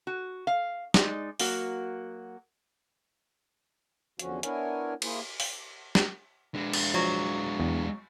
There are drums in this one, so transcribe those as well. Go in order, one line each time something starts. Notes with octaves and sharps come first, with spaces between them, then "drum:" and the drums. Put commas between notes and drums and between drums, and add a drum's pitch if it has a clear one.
F#4
F5
G#3 D#4 D5, drum: snare
F#3 A#3 F#4, drum: open hi-hat
E2 D3 F3 C#4 F#4, drum: hi-hat
B3 D4 E4 A#4 C#5 G#5, drum: hi-hat
A#3 E4 G#4 C5, drum: cymbal
drum: open hi-hat
drum: snare
G#3 D4
drum: cymbal
F3 F#3
E2